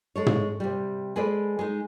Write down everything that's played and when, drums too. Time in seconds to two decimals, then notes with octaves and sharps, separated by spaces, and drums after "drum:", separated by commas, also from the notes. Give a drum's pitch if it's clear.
0.16 G#3 A4 C#5
0.26 drum: tom
0.60 C3 G3
1.16 G#3 G#4 A4 B4 C5 D5
1.59 G#3 D#4